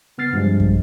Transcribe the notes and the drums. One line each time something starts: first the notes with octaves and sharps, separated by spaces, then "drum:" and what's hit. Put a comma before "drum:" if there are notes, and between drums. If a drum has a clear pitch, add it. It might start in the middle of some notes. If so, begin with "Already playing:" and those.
C#3 B3 F6 A6 C7
G2 C3 F3 G3 G#3
drum: kick